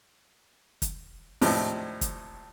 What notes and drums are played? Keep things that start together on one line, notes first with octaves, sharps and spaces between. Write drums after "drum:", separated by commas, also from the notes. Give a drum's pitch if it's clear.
drum: kick, hi-hat
G#1 D#2 A2 C3 F3 D4, drum: open hi-hat
drum: kick, hi-hat